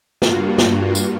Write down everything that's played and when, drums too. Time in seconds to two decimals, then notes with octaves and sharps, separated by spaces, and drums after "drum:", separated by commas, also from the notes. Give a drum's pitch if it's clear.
0.22 G2 A#3 F4 F#4, drum: snare
0.58 drum: snare
0.95 drum: tambourine